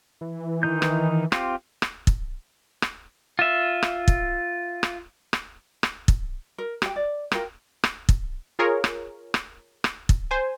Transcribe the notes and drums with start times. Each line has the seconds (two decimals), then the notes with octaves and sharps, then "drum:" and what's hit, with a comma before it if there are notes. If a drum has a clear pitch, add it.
0.21 E3
0.63 D#3 D#4 G6
0.82 drum: rim click
1.32 C4 F4 G4, drum: rim click
1.82 drum: rim click
2.07 drum: kick
2.82 drum: rim click
3.39 F4 E5
3.83 drum: rim click
4.08 drum: kick
4.83 drum: rim click
5.33 drum: rim click
5.83 drum: rim click
6.08 drum: kick
6.58 A#4
6.82 G4 G5, drum: rim click
6.96 D5
7.32 F4 A#4 G5, drum: rim click
7.84 drum: rim click
8.09 drum: kick
8.59 F4 G#4 A#4 C#5
8.84 drum: rim click
9.34 drum: rim click
9.84 drum: rim click
10.09 drum: kick
10.31 C5 G#5